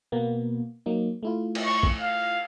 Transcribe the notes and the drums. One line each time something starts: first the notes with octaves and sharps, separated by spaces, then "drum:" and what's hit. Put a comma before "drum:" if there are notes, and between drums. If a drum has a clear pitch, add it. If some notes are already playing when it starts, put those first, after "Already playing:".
B2 A#3 B3
F#3 A#3 D#4
A3 E4 F4
drum: cymbal
C#6
drum: kick A1
F5